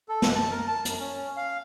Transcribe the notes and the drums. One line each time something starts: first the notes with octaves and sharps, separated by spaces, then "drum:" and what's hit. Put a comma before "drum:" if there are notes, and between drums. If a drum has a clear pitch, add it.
A4
drum: snare
A5
A#4
A5
F#2, drum: hi-hat
C#4
F5